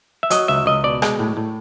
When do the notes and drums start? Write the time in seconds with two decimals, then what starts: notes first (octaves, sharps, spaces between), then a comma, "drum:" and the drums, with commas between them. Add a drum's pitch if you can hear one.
0.23 E5
0.30 F#3 D#5, drum: hi-hat
0.48 C#2 E5
0.66 C#2 D#5
0.84 B2 D5
1.02 G#3, drum: rim click
1.19 A2
1.37 A2